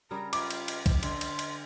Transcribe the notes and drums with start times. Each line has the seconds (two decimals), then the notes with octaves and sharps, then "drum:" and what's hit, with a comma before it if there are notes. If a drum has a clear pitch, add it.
0.11 C#3 G3 A#4 A#5
0.33 F4 D6, drum: cymbal
0.50 drum: cymbal
0.68 drum: cymbal
0.86 drum: kick, cymbal
1.03 D3 C6, drum: cymbal
1.21 drum: cymbal
1.39 drum: cymbal